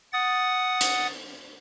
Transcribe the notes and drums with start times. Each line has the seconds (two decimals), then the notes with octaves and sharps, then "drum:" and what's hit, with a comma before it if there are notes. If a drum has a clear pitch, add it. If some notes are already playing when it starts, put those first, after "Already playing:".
0.13 F#5 D#6 A6
0.81 drum: hi-hat